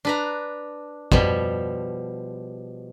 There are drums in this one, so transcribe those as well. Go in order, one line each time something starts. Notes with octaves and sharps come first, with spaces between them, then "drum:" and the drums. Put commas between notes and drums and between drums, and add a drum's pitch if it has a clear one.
D4 B4 A#5
B2 F3 G3, drum: kick